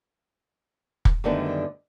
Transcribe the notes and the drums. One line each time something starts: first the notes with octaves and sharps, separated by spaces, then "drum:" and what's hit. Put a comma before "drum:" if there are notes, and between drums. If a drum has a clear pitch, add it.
drum: kick
F#2 D3 D#3 G3 A3 B3